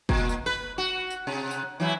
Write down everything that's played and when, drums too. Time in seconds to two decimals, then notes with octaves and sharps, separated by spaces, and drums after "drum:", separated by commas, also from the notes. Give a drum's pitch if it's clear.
0.09 A#2, drum: kick
0.29 drum: tambourine
0.46 B4
0.78 F#4
1.10 drum: tambourine
1.27 C3
1.51 drum: tambourine
1.80 E3 F#3 E4